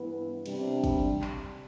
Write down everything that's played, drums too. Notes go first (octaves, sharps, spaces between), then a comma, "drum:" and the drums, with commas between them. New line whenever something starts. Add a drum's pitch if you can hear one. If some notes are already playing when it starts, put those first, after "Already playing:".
Already playing: G2 E3 B3 E4 B4
C3 G3 D4, drum: cymbal
drum: kick, cymbal
drum: clap